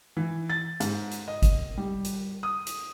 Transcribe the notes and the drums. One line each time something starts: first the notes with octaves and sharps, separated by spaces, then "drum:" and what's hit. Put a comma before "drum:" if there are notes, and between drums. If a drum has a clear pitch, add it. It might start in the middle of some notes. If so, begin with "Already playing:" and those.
E3
A6
G#2, drum: hi-hat
drum: hi-hat
D#5
drum: kick, hi-hat
G3
drum: hi-hat
D#6
drum: hi-hat